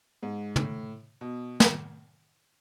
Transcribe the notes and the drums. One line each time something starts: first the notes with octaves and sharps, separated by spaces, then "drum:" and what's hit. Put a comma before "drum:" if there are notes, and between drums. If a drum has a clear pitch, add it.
G#2
A2, drum: tom
B2
drum: snare